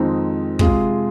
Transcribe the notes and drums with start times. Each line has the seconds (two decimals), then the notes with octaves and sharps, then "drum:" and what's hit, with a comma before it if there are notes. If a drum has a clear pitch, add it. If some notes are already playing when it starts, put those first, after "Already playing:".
Already playing: F2 D#3 G#3 C4 D#4
0.59 C3 G#3 F4 G#4, drum: kick